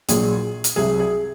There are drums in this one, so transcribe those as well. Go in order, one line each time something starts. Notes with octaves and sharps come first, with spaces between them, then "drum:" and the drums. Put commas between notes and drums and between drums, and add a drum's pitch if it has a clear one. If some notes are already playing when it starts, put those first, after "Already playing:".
A#1 A#2 F#3 G#4, drum: hi-hat
drum: hi-hat
C2 C3 F#3 G#4
G#4